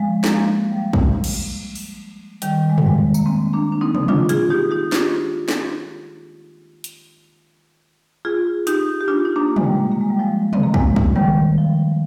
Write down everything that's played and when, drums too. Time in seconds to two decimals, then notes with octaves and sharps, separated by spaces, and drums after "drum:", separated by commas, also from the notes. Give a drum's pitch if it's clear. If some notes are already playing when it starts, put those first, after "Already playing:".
Already playing: F3 G#3
0.24 A#3, drum: snare
0.34 F3 G#3
0.71 G3
0.76 F3
0.93 drum: kick
1.24 drum: cymbal
1.75 drum: open hi-hat
2.42 D#3 G3, drum: hi-hat
2.70 G#3
2.78 G3, drum: tom
2.86 F3 G#3
3.14 A#3, drum: tambourine
3.26 G#3 C4
3.53 A#3 D4
3.72 D4
3.81 C4 D#4
3.95 drum: tom
4.08 D4 F4, drum: tom
4.29 F4 G#4, drum: hi-hat
4.50 D#4 G4
4.71 D#4 G4
4.92 D4 F4, drum: snare
5.48 drum: snare
6.84 drum: hi-hat
8.25 F4 G#4
8.67 D#4 G4, drum: hi-hat
9.01 G4
9.08 D4 F4
9.25 D#4
9.36 A#3 D4
9.56 G#3, drum: tom
9.63 G3 A#3
9.92 A#3
10.01 G#3
10.10 G3
10.19 F3 G#3
10.53 C4, drum: tom
10.63 A#3
10.74 F3 G#3, drum: kick
10.96 drum: kick
11.16 D#3 G3, drum: tom
11.58 F3